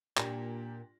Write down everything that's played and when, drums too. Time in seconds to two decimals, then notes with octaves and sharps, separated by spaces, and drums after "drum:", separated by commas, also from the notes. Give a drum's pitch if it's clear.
0.17 A#2 D4 G4 A#6, drum: clap